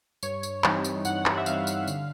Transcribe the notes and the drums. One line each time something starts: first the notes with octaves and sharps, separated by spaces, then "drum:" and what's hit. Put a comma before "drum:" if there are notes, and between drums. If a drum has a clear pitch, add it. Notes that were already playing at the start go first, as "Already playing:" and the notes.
G2 C#5, drum: tambourine
drum: tambourine
E3 G3 C4 D#4, drum: clap
drum: tambourine
G2 F#5, drum: tambourine
drum: clap
E5
E3 G3 C4 D#4 F5, drum: tambourine
drum: tambourine
D3, drum: tambourine